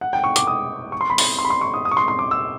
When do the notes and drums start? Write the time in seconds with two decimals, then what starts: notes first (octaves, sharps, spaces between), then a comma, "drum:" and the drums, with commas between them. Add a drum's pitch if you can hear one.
0.01 F#5
0.13 G5
0.24 C#6
0.36 D6, drum: hi-hat
0.47 D#6
0.92 C#6
1.01 C6
1.10 B5
1.18 C6, drum: open hi-hat
1.39 C6
1.45 B5
1.50 C6
1.61 C#6
1.74 D#6
1.85 D#6
1.91 C#6
1.97 C6
2.08 C6
2.19 D6
2.31 E6